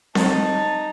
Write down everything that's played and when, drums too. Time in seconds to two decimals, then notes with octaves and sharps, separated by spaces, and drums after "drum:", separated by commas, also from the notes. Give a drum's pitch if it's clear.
0.15 D#4 A5, drum: snare C4